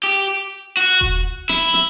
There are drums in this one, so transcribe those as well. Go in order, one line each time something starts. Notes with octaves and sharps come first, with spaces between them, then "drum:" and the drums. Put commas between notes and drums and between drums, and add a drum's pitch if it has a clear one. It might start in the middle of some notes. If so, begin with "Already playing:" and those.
G4
F#4
drum: kick E1
E4, drum: snare
drum: snare